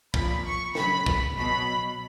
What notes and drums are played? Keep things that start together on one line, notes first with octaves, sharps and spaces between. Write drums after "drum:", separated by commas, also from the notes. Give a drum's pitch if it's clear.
A#2 F3 B5, drum: kick
C#6
C#3 F#3 B5, drum: snare
drum: kick
B2 F#3 B5